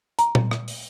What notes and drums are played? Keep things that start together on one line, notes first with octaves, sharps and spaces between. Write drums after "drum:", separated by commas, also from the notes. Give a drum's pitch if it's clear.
A#5, drum: hi-hat
drum: tom A#2
drum: rim click
drum: open hi-hat